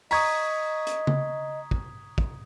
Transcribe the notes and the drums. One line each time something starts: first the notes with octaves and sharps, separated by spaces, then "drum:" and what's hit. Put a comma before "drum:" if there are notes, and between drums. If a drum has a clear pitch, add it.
D#5 A#5 C#6 D#6 G#6 B6, drum: open hi-hat
drum: hi-hat
drum: tom C#3
drum: kick
drum: kick